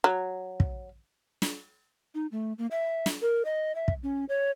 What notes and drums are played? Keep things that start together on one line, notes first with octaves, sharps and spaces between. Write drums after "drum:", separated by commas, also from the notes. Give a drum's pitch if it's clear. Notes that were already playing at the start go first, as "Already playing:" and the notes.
F#3
drum: kick
drum: snare
D#4
A3
A#3
E5
drum: snare
A#4
D#5
E5
drum: kick
C#4
C#5